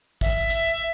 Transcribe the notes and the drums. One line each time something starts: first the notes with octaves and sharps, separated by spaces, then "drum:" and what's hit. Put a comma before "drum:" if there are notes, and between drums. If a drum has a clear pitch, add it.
E5, drum: kick, hi-hat
drum: hi-hat